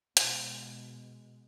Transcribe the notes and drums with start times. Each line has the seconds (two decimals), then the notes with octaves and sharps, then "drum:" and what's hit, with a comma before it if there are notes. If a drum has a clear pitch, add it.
0.17 B2 G#3, drum: hi-hat